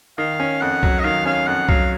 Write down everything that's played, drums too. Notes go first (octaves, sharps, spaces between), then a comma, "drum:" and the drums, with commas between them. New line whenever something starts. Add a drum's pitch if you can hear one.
D#3 F5
C#4
F2 F#5
F#3, drum: kick
D#5
D#3 F5
C#4 F5
F2 F#5
F#3 F5, drum: kick